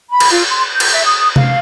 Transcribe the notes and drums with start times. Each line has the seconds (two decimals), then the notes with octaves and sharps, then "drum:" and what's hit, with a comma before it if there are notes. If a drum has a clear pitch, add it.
0.11 B5
0.20 drum: cymbal
0.31 F4
0.50 C6
0.71 G6
0.80 drum: cymbal
0.94 E5
1.05 D#6
1.36 F5, drum: tom C3